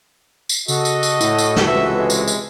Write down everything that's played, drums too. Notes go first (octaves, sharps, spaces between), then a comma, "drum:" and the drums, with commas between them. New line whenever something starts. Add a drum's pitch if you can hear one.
drum: tambourine
C#3 F#4 A4 D#5, drum: tambourine
drum: tambourine
drum: tambourine
A2 E4, drum: tambourine
drum: tambourine
drum: snare
C#2 C3 E3 B4 E5
G#3
drum: tambourine
drum: tambourine